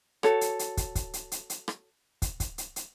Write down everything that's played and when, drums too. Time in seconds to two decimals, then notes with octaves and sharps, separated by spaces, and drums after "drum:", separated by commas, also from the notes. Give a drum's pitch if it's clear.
0.23 F#4 A4 C#5, drum: rim click
0.41 drum: hi-hat
0.59 drum: hi-hat
0.77 drum: kick, hi-hat
0.95 drum: kick, hi-hat
1.13 drum: hi-hat
1.32 drum: hi-hat
1.50 drum: hi-hat
1.68 drum: rim click
2.22 drum: kick, hi-hat
2.40 drum: kick, hi-hat
2.58 drum: hi-hat
2.76 drum: hi-hat